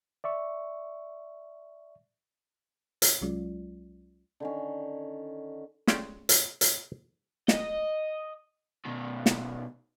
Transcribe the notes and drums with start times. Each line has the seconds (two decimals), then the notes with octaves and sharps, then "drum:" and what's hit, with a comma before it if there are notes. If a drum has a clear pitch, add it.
0.24 D5 E5 C#6
3.02 drum: hi-hat
3.21 C2 F#3 G#3 C#4 F4 D5
4.40 D3 D#3 C#4
5.88 G#3 A3 C#4 D5 F5 G5, drum: snare
6.29 drum: hi-hat
6.61 drum: hi-hat
7.48 D#5, drum: snare
8.85 B2 D#3
9.26 drum: snare